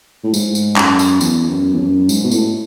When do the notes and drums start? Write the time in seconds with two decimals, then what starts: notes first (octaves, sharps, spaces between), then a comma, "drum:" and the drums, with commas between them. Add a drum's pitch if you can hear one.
0.24 A2
0.34 G#2, drum: tambourine
0.55 drum: tambourine
0.76 F#2, drum: clap
0.99 drum: tambourine
1.21 E2, drum: tambourine
1.50 F#2
1.73 E2
1.79 F#2
2.09 G#2, drum: tambourine
2.24 B2
2.31 A2, drum: tambourine